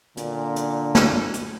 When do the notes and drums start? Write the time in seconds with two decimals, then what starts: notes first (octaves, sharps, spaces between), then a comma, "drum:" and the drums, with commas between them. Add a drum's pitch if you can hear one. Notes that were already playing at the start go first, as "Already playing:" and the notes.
0.17 A#2 D3, drum: hi-hat
0.56 drum: hi-hat
0.95 drum: snare
1.34 drum: hi-hat